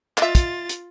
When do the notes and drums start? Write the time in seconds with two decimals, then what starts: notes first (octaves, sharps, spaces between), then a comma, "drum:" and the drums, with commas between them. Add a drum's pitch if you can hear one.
0.18 F4 D#5 E5 A6, drum: clap
0.35 drum: kick, hi-hat
0.69 drum: hi-hat